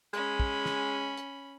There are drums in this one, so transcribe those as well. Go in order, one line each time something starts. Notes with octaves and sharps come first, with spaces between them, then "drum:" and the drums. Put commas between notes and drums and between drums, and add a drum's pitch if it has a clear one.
G#3 C#4 B5, drum: hi-hat
drum: kick
drum: snare
drum: hi-hat